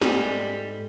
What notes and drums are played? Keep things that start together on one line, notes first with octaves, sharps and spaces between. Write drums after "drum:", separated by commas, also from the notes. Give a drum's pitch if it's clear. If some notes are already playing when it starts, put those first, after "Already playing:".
G#2 G3 G#4 A4, drum: snare